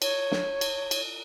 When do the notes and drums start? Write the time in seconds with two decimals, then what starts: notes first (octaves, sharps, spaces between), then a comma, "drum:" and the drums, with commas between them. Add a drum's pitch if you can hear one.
0.02 C#5, drum: cymbal
0.31 drum: snare
0.61 drum: cymbal
0.91 drum: cymbal